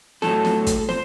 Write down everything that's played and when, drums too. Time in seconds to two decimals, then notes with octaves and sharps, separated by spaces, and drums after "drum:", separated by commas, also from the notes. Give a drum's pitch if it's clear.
0.22 A2 F#3 A4, drum: snare
0.45 drum: snare
0.67 drum: kick, hi-hat
0.89 C5, drum: snare